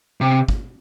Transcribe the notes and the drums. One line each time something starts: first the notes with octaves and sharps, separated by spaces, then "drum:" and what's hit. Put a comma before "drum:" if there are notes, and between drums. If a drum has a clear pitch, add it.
C3
drum: kick